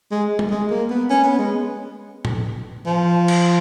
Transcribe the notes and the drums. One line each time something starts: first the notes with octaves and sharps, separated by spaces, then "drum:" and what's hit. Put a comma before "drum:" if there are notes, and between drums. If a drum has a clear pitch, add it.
G#3
drum: tom
G#3
A#3
B3
C#4
B3
G#3
drum: tom A2
F3
drum: cymbal